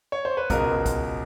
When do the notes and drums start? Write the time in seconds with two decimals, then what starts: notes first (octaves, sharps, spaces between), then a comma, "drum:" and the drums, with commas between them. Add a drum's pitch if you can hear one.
0.12 C#5
0.25 C5
0.37 B4
0.50 C#2 B2 G#3 A#4, drum: kick, hi-hat
0.86 drum: kick, hi-hat